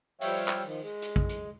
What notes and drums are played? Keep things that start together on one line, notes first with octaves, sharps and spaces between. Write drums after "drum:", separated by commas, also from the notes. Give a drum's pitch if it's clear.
F3 G3 C#5 E5 F5 G5, drum: open hi-hat
drum: clap
D#3 F3
G#3
drum: hi-hat
drum: kick
drum: hi-hat